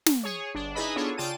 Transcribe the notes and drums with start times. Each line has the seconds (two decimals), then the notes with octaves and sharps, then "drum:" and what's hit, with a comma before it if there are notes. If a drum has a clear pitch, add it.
0.06 drum: snare
0.23 G#4 C#5
0.55 G1 D4
0.75 D#4 E4 G#4 B4 D#5 B5
0.96 B3 D4 F4 G#4 A4 C#5
1.17 C#3 F4 D5 G5 A5 D#7